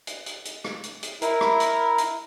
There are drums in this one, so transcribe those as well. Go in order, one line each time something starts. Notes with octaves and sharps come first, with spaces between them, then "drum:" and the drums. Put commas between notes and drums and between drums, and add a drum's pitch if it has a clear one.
drum: hi-hat
drum: hi-hat
drum: hi-hat
drum: rim click
drum: hi-hat
drum: hi-hat
E4 A#4, drum: hi-hat
drum: rim click
drum: hi-hat
drum: hi-hat